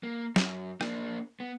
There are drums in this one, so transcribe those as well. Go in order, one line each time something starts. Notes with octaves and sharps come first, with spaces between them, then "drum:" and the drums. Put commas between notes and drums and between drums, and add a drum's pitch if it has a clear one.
A#3
F#2, drum: snare
A#3 D4, drum: rim click
B3